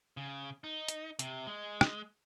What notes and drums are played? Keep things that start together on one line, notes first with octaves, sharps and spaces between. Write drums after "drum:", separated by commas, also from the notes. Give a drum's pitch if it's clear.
C#3
D#4
drum: hi-hat
C3, drum: hi-hat
G#3
drum: rim click